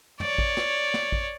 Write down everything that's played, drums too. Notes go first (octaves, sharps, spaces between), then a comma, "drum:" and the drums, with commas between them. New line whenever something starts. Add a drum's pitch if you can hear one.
C#5 D5, drum: tom
drum: kick A1
drum: snare
drum: snare
drum: kick A1